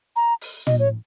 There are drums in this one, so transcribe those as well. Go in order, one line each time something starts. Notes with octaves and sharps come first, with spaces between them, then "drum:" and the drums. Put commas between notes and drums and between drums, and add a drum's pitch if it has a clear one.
A#5
drum: open hi-hat
D#5, drum: tom
C#5